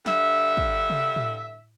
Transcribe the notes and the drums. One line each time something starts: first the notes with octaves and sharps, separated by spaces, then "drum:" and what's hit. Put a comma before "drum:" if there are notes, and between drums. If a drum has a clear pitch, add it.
G2 D3 E5, drum: snare
drum: kick
drum: tom C3
drum: tom A2